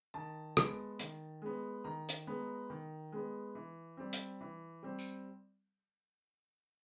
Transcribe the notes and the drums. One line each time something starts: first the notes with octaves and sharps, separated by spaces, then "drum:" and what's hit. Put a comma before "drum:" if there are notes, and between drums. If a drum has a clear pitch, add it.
D#3 A5
G#3 B3, drum: rim click
D#3, drum: hi-hat
G#3 B3
D#3 A#5
drum: hi-hat
G#3 B3
D#3
G#3 B3
E3
G3 C4
drum: hi-hat
E3
G3 C4
drum: tambourine